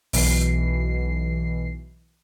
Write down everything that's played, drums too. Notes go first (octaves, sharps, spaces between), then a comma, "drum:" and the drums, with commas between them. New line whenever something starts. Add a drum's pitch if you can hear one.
B1 B2 E3 C7, drum: open hi-hat